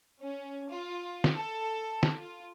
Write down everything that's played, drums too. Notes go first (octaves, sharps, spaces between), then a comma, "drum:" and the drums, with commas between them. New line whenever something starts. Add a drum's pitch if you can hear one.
C#4
F4
drum: snare
A4
drum: snare
F4